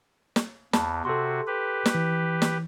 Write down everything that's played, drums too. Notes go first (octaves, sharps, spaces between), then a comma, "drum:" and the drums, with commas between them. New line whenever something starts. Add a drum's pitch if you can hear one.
drum: snare
E2 A5 B5, drum: snare
C3 F#4 A4 C6
G4 B4
drum: snare
E3
drum: snare